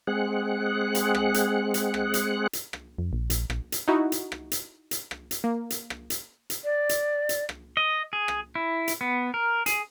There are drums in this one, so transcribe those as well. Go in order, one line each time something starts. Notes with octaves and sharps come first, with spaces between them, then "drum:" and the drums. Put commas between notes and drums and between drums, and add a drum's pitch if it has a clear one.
G#3 C4 G#4 F#5 F#6
drum: hi-hat
drum: rim click
drum: hi-hat
drum: hi-hat
drum: rim click
drum: hi-hat
drum: hi-hat
drum: rim click
F2
A#1
A#1, drum: hi-hat
A#1, drum: rim click
drum: hi-hat
D#4 E4 F#4
drum: hi-hat
drum: rim click
drum: hi-hat
drum: hi-hat
drum: rim click
drum: hi-hat
A#3
drum: hi-hat
drum: rim click
drum: hi-hat
drum: hi-hat
D5
drum: hi-hat
drum: hi-hat
drum: rim click
D#5
G#4
drum: rim click
E4
drum: hi-hat
B3
A#4
G#4, drum: hi-hat